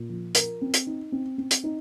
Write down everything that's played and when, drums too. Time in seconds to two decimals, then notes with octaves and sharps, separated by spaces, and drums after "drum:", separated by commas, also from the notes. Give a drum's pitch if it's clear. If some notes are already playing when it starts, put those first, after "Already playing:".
Already playing: A#2
0.09 F3
0.35 A#4, drum: hi-hat
0.61 C4
0.74 drum: hi-hat
0.87 D#4
1.12 C4
1.38 C4
1.51 drum: hi-hat
1.64 D#4